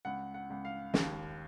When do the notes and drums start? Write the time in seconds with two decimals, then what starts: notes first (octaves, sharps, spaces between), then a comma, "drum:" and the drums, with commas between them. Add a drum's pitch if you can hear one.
0.05 C#2 F#5
0.34 F#5
0.50 C#2
0.65 F5
0.94 D#2, drum: snare